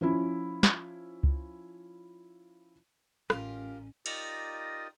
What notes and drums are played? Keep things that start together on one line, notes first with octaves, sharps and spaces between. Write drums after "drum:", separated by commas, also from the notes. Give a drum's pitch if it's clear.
F3 C#4 E4
drum: snare
drum: kick C#2
A1 C#4 F4 G4 A#4, drum: rim click
D#4 F4 G4 A#4 D5 D#5, drum: cymbal